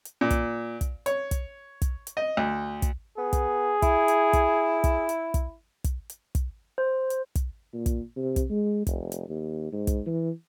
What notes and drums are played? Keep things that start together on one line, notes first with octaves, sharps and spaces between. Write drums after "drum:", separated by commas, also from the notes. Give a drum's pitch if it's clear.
drum: hi-hat
A#2
drum: kick, hi-hat
drum: kick, hi-hat
C#5, drum: hi-hat
drum: kick, hi-hat
drum: kick, hi-hat
drum: hi-hat
D#5
D2
drum: kick, hi-hat
B3 G#4
drum: kick, hi-hat
E4, drum: kick, hi-hat
drum: hi-hat
drum: kick, hi-hat
drum: kick, hi-hat
drum: hi-hat
drum: kick, hi-hat
drum: kick, hi-hat
drum: hi-hat
drum: kick, hi-hat
C5
drum: hi-hat
drum: kick, hi-hat
A#2
drum: kick, hi-hat
C3
drum: kick, hi-hat
G#3
F1, drum: kick, hi-hat
drum: hi-hat
D#2
G#2
drum: kick, hi-hat
E3